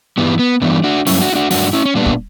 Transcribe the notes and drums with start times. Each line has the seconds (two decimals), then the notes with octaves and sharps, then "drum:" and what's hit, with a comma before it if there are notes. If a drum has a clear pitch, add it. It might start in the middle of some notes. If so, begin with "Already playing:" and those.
0.17 G2 E3 G3 B3
0.39 B3
0.61 G2 E3 G3 B3 D4
0.84 D4 F#4
1.06 G2 F#3 C#4 E4, drum: open hi-hat
1.21 D4 F#4
1.32 E4
1.35 D4 F#4
1.50 G2 F#3 D4 F#4, drum: open hi-hat
1.73 C#4 E4
1.85 C#4
1.95 A#2 G3 B3 D4
2.06 drum: kick